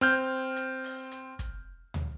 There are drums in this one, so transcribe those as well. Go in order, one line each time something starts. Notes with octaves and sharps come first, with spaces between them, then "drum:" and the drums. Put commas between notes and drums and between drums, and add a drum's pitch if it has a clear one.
C4 F6 G6, drum: open hi-hat
drum: hi-hat
drum: open hi-hat
drum: hi-hat
drum: kick, hi-hat
drum: tom D2